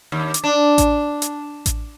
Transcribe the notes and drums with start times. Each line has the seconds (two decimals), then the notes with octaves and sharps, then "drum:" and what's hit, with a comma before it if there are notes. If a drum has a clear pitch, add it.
0.12 D#2
0.34 drum: hi-hat
0.44 D4
0.78 drum: kick A1, hi-hat
1.22 drum: hi-hat
1.66 drum: kick A1, hi-hat